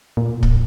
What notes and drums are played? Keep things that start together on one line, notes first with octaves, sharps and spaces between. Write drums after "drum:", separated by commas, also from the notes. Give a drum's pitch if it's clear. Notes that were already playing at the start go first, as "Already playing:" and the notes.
A#2
drum: kick